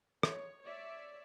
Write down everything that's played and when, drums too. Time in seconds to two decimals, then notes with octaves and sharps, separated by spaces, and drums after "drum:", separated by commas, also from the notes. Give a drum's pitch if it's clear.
0.23 C#5, drum: rim click
0.62 C#5 D5 E5